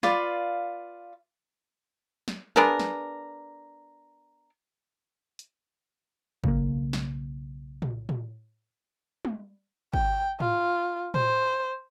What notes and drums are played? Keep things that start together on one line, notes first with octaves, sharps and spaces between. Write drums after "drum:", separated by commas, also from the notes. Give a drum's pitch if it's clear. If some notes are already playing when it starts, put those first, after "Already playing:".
F4 B4 D5 F5, drum: snare
drum: snare
B3 D4 G#4 A#4, drum: snare
drum: snare
drum: hi-hat
B1 C#3 F#3 A#3, drum: kick
drum: snare
drum: tom
drum: tom
drum: tom
G5, drum: kick
F4, drum: tom G#2
C5, drum: tom